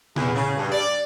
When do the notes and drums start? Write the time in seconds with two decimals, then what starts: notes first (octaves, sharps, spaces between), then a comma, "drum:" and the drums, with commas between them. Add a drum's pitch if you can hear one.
0.16 E2, drum: tom A#2
0.35 C#3
0.57 G2
0.72 D5